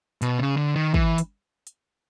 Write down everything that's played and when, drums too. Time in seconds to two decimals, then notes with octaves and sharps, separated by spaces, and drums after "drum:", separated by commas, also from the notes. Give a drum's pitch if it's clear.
0.22 B2, drum: hi-hat
0.39 C#3
0.57 D3
0.76 D#3
0.94 E3, drum: kick
1.18 drum: hi-hat
1.67 drum: hi-hat